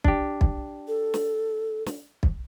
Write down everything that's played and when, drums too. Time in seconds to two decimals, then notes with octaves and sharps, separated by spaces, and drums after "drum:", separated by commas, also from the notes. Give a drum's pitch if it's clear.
0.04 D4 G4, drum: kick
0.41 drum: kick
0.88 A4
1.14 drum: snare
1.86 drum: snare
2.23 drum: kick